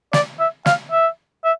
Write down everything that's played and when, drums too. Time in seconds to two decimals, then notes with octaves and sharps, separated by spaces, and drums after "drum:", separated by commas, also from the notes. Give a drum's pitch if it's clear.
0.13 D5, drum: snare
0.39 E5
0.66 F5, drum: snare
0.91 E5
1.44 E5